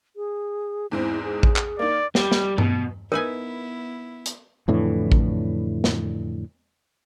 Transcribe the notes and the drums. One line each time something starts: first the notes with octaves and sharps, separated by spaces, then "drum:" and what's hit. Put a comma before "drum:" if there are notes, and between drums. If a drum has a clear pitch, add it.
G#4
E2 G#2 C4 E4
G#4
drum: kick A1
drum: clap
A#3 D#4 D5
G3, drum: snare
drum: snare
B2, drum: tom G2
B3 D#4 E4 A#4 B4 G#5
drum: hi-hat
F2 A2 D3 E3
drum: kick A1
drum: snare